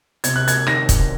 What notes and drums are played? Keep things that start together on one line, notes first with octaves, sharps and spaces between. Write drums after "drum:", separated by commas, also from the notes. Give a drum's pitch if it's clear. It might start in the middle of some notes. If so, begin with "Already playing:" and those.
C3 G#6, drum: hi-hat
F#6
G#6, drum: hi-hat
D#3 A#6, drum: rim click
drum: kick, hi-hat